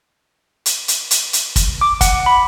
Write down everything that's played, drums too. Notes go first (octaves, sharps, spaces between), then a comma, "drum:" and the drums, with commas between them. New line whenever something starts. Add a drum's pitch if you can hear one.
drum: hi-hat
drum: hi-hat
drum: hi-hat
drum: hi-hat
drum: kick, hi-hat
D6
F#5, drum: kick, hi-hat
B5